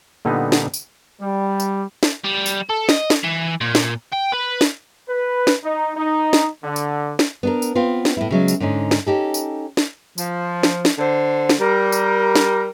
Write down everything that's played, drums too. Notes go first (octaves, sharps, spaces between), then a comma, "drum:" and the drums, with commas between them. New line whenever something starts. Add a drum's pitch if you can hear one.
A#2 D3 G3 B3 D#4
drum: snare
drum: tambourine
G3
drum: tambourine
drum: snare
G3
drum: tambourine
A4
D#5, drum: snare
drum: snare
E3
A#2
drum: snare
G5
B4
drum: snare
B4
drum: snare
D#4
D#4
drum: snare
D3
drum: tambourine
drum: snare
B3 D4 A#4
drum: tambourine
B3 C4 F4
drum: snare
A2 E4
C#3 F#3 G#3
drum: tambourine
G#2 D3 C#4 D#4
drum: snare
C#4 D#4 G4 A4
drum: tambourine
drum: snare
F3, drum: tambourine
drum: snare
drum: snare
D3 C5
drum: snare
G3 A#4
drum: tambourine
drum: snare